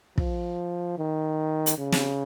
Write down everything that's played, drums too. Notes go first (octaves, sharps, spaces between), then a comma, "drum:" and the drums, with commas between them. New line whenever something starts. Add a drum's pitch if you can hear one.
F3, drum: kick
D#3
drum: hi-hat
C#3
drum: snare